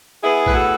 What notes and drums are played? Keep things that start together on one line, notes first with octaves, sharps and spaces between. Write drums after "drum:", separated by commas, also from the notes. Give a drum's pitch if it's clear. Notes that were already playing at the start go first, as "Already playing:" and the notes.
B3 E4 G#4
A2 B4, drum: kick
F#4 A4